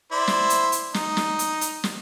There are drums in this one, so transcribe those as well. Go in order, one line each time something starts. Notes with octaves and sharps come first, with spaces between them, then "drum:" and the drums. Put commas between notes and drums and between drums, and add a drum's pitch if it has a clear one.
E4 C5 D5
drum: snare
drum: hi-hat
drum: hi-hat
D#4, drum: snare
drum: snare
drum: hi-hat
drum: hi-hat
drum: snare